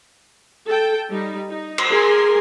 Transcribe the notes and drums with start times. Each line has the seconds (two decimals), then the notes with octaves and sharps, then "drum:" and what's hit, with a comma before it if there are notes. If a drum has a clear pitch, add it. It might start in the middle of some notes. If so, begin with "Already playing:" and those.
0.67 A4 G5
1.10 G3 D#4
1.49 D#4
1.78 drum: cymbal
1.89 G#4 A#4 G#5 C6